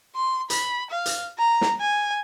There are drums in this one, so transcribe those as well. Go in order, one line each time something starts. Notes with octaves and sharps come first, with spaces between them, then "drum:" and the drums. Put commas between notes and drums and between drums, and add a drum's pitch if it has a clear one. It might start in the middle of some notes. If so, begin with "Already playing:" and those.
C6
B5, drum: hi-hat
F5
drum: hi-hat
A#5
drum: snare
G#5